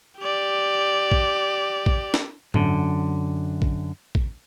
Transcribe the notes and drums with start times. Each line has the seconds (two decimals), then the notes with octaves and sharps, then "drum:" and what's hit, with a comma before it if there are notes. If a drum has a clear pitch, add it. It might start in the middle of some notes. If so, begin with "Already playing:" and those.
0.19 G4 D5
1.12 drum: kick
1.86 drum: kick
2.14 drum: snare
2.54 F#2 D3, drum: tom G#2
3.62 drum: kick
4.15 drum: kick